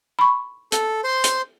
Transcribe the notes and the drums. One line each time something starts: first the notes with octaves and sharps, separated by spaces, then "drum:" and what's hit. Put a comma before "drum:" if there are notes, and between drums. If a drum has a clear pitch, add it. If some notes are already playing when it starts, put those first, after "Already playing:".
B5 C#6
A4, drum: hi-hat
C5 C6
drum: hi-hat